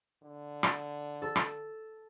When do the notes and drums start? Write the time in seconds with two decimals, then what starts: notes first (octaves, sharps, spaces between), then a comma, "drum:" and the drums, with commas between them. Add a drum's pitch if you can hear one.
0.23 D3
0.63 drum: rim click
1.22 A4
1.36 drum: rim click